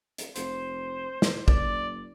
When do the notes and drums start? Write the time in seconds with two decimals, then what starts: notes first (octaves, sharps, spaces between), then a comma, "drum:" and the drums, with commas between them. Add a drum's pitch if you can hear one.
0.18 drum: hi-hat
0.36 F1 C5, drum: hi-hat
1.22 drum: snare
1.48 F#1 D5, drum: kick